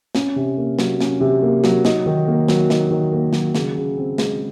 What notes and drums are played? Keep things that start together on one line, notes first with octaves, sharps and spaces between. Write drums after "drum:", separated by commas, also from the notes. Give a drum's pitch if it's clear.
C#4, drum: snare
C3
A#3
F#3, drum: snare
C#4, drum: snare
C3
A#3
F#3, drum: snare
D#4, drum: snare
D#3
A#3
F#3, drum: snare
D#4, drum: snare
D#3
A#3
F#3, drum: snare
C#3, drum: snare
C#3
C4
G#3, drum: snare